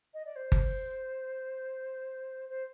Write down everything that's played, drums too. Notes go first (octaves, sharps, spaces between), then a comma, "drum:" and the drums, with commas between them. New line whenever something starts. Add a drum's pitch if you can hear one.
D#5
D5
C5
drum: kick G1
C5